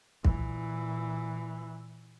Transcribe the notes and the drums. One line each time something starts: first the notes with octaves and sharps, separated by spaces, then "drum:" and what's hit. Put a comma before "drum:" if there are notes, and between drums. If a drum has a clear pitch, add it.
A#2 E3, drum: kick